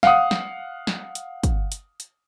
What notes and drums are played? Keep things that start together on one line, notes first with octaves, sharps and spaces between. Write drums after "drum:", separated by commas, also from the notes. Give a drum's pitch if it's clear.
F5 F#5 D#6, drum: snare
drum: snare
drum: snare
drum: hi-hat
drum: kick, hi-hat
drum: hi-hat
drum: hi-hat